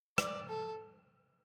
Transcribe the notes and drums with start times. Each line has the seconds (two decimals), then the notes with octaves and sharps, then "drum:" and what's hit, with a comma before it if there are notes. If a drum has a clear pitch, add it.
0.18 D5, drum: rim click
0.49 A4